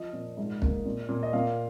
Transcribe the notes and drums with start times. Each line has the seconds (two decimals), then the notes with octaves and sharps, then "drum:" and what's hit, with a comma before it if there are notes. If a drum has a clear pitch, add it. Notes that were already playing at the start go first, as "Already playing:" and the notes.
Already playing: F3 D#5
0.13 A#2
0.37 G#2
0.62 A#3, drum: kick
0.86 A#2
1.09 A#2
1.23 D#5
1.33 A#2 F5